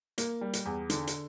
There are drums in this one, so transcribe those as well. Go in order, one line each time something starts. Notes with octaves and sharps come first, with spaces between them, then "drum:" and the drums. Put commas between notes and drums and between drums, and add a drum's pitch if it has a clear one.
A#3, drum: hi-hat
G3
drum: hi-hat
E2
D3, drum: hi-hat
drum: hi-hat